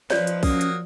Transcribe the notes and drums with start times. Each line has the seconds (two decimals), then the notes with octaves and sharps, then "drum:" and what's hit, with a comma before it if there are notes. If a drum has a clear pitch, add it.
0.10 F3 D#4 B4 C#5 D5, drum: snare
0.27 drum: hi-hat
0.43 F#3 A#3 C#4 D#6, drum: kick B1, open hi-hat
0.61 drum: hi-hat